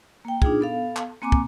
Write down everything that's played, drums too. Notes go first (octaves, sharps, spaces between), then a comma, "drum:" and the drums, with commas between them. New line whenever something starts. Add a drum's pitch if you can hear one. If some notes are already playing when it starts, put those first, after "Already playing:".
A#3 G5
D4 D#4 F4 G#4, drum: kick
B3 A4 F5
drum: clap
A#3 C4 G#5 A#5 D6
drum: kick